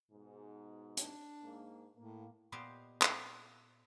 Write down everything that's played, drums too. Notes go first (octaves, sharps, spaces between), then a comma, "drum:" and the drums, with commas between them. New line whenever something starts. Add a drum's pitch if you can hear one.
G#2 B2
D4, drum: hi-hat
G#2 A#3
A2 A#3
A#2 B3 G4 C5 D#5 F5
drum: clap